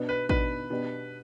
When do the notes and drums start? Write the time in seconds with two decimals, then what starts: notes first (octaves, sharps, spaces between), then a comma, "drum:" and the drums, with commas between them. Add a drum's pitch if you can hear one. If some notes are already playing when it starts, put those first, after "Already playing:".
Already playing: B2 B3 D4
0.09 B4
0.29 B2 B3 D4 B4, drum: kick A1
0.70 B2 B3 D4 G4